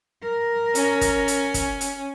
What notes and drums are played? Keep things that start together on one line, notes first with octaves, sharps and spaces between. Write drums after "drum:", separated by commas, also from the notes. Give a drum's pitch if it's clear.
A#4
C#4, drum: hi-hat
drum: kick, hi-hat
drum: hi-hat
drum: kick, hi-hat
drum: hi-hat